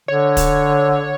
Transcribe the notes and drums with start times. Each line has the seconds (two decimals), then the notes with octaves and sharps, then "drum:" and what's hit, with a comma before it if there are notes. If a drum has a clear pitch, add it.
0.08 D3 C#5
0.37 drum: kick, hi-hat